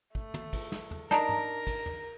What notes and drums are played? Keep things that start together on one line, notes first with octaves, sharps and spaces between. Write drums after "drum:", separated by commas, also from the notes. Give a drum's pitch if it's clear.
A3, drum: kick
drum: tom
drum: kick, cymbal
drum: snare
drum: tom
D4 D#4 A#4 A5 A#5, drum: snare
drum: tom
drum: kick, cymbal
drum: tom